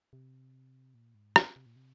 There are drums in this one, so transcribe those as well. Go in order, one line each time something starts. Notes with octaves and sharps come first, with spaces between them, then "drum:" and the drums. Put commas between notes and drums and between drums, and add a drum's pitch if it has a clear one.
C3
A#2
G#2
F2, drum: rim click
C3
A#2
C3